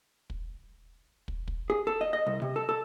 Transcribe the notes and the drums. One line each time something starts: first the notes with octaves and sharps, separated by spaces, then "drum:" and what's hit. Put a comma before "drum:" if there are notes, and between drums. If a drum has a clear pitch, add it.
drum: kick
drum: kick
drum: kick
G#4
A4
D#5
D#5
C2
C3
A4
A4